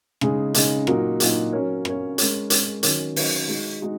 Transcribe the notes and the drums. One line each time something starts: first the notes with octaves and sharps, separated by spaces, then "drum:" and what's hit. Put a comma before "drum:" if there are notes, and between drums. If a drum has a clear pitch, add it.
C#3 G#3 D#4 G#4, drum: rim click
C#3 G#3 D#4 G#4, drum: hi-hat
A#2 F#3 D#4 F#4 A#4, drum: rim click
A#2 F#3 D#4 F#4 A#4, drum: hi-hat
F#3 C#4 A#4 C#5
F#3 C#4 A#4 C#5, drum: rim click
G#3 C#4 A#4 C#5, drum: hi-hat
G#3 C#4 A#4 C#5, drum: hi-hat
D#3 F#3 C#4 A#4 C#5, drum: hi-hat
D#3 F#3 C#4 A#4 C#5, drum: open hi-hat
G#3 D#4 F#4
G#3 D#4 F#4